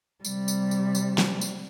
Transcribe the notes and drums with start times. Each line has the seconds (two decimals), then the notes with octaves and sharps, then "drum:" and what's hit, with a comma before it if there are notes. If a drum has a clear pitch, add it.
0.24 C3 G3, drum: tambourine
0.48 drum: tambourine
0.71 drum: tambourine
0.95 drum: tambourine
1.18 drum: snare
1.41 drum: tambourine